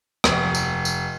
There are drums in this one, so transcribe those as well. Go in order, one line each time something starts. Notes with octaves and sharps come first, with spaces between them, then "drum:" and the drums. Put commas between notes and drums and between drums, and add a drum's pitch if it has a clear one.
F1, drum: rim click
drum: tambourine
drum: tambourine